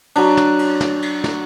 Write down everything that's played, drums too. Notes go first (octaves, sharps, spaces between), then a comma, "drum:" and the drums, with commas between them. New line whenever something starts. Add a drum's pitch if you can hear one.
F#3 D4, drum: cymbal
drum: snare
drum: cymbal
drum: snare
drum: cymbal
drum: snare